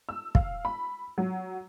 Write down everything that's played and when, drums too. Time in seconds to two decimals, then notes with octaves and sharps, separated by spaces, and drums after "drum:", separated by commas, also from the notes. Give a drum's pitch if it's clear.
0.09 E6
0.35 F5, drum: kick
0.65 B5
1.18 F#3